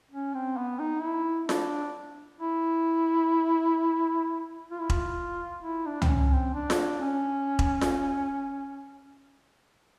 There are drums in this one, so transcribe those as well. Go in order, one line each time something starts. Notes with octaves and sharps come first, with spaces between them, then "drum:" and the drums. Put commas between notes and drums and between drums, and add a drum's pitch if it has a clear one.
C#4
C4
B3
D#4
E4
D4, drum: snare F4
E4
F4
E4
F4, drum: kick E1
E4
D4
C4, drum: tom C#2
C#4
C4
D4
drum: snare F4
C#4
drum: kick E1
drum: snare F4